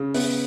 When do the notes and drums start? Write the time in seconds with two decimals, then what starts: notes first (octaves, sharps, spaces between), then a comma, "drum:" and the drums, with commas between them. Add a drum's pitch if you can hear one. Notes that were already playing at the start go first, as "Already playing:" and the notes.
Already playing: C#3
0.14 B3, drum: open hi-hat